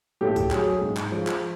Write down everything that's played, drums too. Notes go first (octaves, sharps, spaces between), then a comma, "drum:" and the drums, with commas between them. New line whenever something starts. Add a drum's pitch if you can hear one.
A2 G4 A4
drum: kick, tambourine
F#3 G#4, drum: clap
G#2
drum: clap
F3 G#3
drum: clap